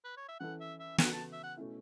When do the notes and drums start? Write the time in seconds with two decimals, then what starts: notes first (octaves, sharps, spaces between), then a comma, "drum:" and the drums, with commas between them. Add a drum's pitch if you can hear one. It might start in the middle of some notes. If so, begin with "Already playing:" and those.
0.04 B4
0.17 C#5
0.29 E5
0.40 E3 C#4 E4 A4 F#5
0.60 E5
0.80 E5
0.98 C#3 E3 B3 F#4 A4 F#5, drum: snare
1.13 A5
1.33 E5
1.44 F#5
1.57 B2 A3 C#4 E4